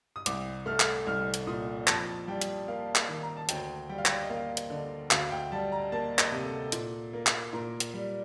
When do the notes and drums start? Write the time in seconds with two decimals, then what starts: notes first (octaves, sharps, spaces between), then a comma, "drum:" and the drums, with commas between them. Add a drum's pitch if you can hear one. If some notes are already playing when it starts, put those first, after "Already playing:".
0.16 D#6
0.26 C2 D6, drum: hi-hat
0.66 A3 F6
0.80 drum: clap
1.07 C2 F6
1.34 drum: hi-hat
1.47 A#2 D#6
1.87 F2 A5, drum: clap
2.27 G3 G5
2.42 drum: hi-hat
2.68 A#3 F5
2.95 drum: clap
3.09 D#3
3.23 A#5
3.37 A5
3.49 D2 G5, drum: hi-hat
3.89 G3 G5
3.98 F5
4.06 G5, drum: clap
4.22 D#5
4.30 A#3 F5
4.57 drum: hi-hat
4.70 D3
5.11 D2 F5, drum: clap
5.31 G5
5.52 G3 A5
5.72 A#5
5.92 A#3 A5
6.19 D#5, drum: clap
6.32 C3
6.45 A4
6.72 A#2, drum: hi-hat
7.13 A#3
7.27 drum: clap
7.53 A#2 A#4
7.80 drum: hi-hat
7.94 G3